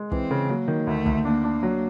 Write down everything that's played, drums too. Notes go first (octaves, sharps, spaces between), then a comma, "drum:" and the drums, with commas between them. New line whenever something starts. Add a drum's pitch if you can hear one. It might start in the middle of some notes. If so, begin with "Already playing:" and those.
Already playing: G#3
E3 C4, drum: kick
C#3
F#3 A#3
D#3
D2 A3
D2, drum: kick
A#3 D4
D4
F#3